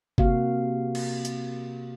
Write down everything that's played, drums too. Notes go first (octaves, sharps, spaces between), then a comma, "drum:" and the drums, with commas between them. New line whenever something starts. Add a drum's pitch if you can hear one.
C3 A#3 F#4 F5, drum: kick G1
drum: cymbal
drum: hi-hat